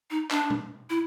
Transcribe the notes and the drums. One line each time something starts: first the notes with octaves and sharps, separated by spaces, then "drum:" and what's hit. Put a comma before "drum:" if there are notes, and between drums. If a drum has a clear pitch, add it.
D#4
D4, drum: clap
drum: tom
E4